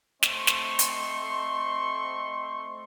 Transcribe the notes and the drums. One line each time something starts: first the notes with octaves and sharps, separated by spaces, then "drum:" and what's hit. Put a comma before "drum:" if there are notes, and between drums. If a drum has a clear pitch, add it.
A3 C4 D#5 C6 C#6, drum: snare
drum: snare
drum: hi-hat